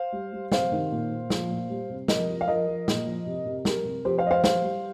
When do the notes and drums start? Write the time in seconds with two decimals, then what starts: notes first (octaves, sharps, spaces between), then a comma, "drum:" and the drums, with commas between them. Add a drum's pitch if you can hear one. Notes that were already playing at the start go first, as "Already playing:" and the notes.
Already playing: C5 F5
0.12 G3
0.32 G3
0.52 C3 C5 F5, drum: snare
0.72 D#3
0.91 A#2
1.11 A#2
1.30 F3, drum: snare
1.51 A#2
1.70 G3
1.89 C3
2.08 F3 A#4 D#5, drum: snare
2.28 F3
2.41 F5
2.48 F3 A#4 D#5
2.68 F3
2.88 A#2, drum: snare
3.07 F3
3.26 C3
3.46 C3
3.65 G3 A#4, drum: snare
3.85 C3
4.05 F3 G4 C5
4.18 C5 F5
4.24 F3 D#5
4.31 C5 F5
4.44 G3 C5 F5, drum: snare
4.63 G3